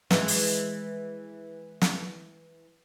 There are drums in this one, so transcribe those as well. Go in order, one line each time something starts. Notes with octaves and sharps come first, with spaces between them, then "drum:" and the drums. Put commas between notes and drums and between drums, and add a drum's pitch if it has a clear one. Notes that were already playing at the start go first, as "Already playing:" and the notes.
E3 G#3, drum: snare
drum: open hi-hat
drum: snare